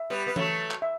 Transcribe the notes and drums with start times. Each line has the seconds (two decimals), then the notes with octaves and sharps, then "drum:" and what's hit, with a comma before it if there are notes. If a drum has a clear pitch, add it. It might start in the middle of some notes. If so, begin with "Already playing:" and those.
Already playing: E5
0.10 G3 B3
0.27 B3
0.36 F#3 A3, drum: tom E3
0.71 drum: clap
0.82 E5